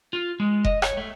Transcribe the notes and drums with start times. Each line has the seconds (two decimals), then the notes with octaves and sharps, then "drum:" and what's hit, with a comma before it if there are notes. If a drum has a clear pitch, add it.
0.13 F4
0.40 G#3
0.65 D#5, drum: kick F1
0.82 C#5, drum: rim click
0.97 A3